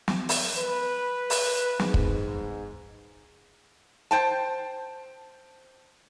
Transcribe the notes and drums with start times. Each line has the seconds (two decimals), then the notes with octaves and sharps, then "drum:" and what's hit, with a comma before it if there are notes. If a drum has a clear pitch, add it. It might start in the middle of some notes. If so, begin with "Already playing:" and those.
0.08 drum: snare
0.29 drum: open hi-hat
0.57 B4
1.30 drum: open hi-hat
1.79 G#2, drum: snare
1.94 drum: kick
4.11 C5 G5 A5